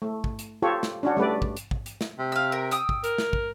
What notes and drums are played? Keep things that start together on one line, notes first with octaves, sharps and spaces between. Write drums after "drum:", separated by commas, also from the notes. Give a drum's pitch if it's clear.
A3
drum: kick
drum: hi-hat
F4 G4 A4 C#5
drum: snare
C#4 D4 F#4
G3 A3 B4 D5
drum: kick
drum: hi-hat
drum: kick
drum: hi-hat
drum: snare
C3
F5 E6
A#4
G5 D#6 E6, drum: hi-hat
drum: kick
A#4, drum: hi-hat
drum: snare
drum: kick